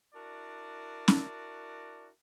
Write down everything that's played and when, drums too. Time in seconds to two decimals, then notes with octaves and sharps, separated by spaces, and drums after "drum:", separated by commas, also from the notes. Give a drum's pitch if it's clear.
0.14 D4 E4 F#4 A#4 D5
1.08 drum: snare C#4